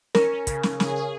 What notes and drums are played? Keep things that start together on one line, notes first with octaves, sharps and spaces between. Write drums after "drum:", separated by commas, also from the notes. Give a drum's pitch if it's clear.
C#4 A#4, drum: snare
C#4
C#3, drum: kick, hi-hat
C#3, drum: snare
G#4, drum: snare
G#4